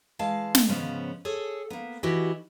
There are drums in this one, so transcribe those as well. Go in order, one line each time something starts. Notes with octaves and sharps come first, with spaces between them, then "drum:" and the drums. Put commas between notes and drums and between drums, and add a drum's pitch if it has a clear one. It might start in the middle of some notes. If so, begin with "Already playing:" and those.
E3 G#3 F5 A5
drum: snare
G#2 C#3 F3 G#3 B3 C#4
G#4 A4 C#5
A#3 B3
E3 B3 E4 F#4 G4 D#5